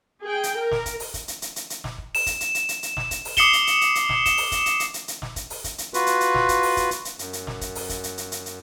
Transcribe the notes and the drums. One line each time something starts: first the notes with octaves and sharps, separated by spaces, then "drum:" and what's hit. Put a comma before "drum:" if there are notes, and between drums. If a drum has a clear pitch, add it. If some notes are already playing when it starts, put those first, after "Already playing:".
G#4 G5
drum: hi-hat
A#4
drum: snare
drum: kick, hi-hat
drum: open hi-hat
drum: kick, hi-hat
drum: hi-hat
drum: hi-hat
drum: hi-hat
drum: hi-hat
drum: snare
drum: kick
E7, drum: open hi-hat
drum: kick, hi-hat
drum: hi-hat
drum: hi-hat
drum: hi-hat
drum: hi-hat
drum: snare
drum: kick, hi-hat
drum: open hi-hat
D6 D#6 C7 C#7 E7 G7, drum: kick, hi-hat
drum: hi-hat
drum: hi-hat
drum: hi-hat
drum: hi-hat
drum: snare
E7, drum: kick, hi-hat
drum: open hi-hat
drum: kick, hi-hat
drum: hi-hat
drum: hi-hat
drum: hi-hat
drum: hi-hat
drum: snare
drum: kick, hi-hat
drum: open hi-hat
drum: kick, hi-hat
drum: hi-hat
F4 F#4 B4, drum: hi-hat
drum: hi-hat
drum: hi-hat
drum: snare
drum: kick, hi-hat
drum: open hi-hat
drum: kick, hi-hat
drum: hi-hat
drum: hi-hat
F#2, drum: hi-hat
drum: hi-hat
drum: snare
drum: kick, hi-hat
drum: open hi-hat
drum: kick, hi-hat
drum: hi-hat
drum: hi-hat
drum: hi-hat
drum: hi-hat